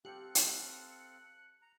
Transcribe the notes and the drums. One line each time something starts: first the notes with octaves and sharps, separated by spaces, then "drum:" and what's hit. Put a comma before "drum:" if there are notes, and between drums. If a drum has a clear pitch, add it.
C4 G4 A4 F5 G5 F#6 C#7
drum: hi-hat
A#5